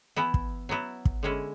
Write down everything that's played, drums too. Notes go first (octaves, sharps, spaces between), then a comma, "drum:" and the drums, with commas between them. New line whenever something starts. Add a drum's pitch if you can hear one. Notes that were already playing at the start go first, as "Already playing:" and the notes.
E3 B3 E4
drum: kick
F#3 B3 E4
drum: kick
D3 G#3 C#4 E4